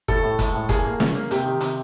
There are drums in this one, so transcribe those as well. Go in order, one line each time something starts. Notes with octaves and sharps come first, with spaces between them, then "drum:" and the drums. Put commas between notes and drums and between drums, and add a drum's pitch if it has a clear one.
A2 A4, drum: kick
A2
G#3, drum: kick, hi-hat
A2
A#3 G#4, drum: kick, hi-hat
A#3
C#4, drum: snare
A#3
C3 G4, drum: hi-hat
D#3
C3, drum: hi-hat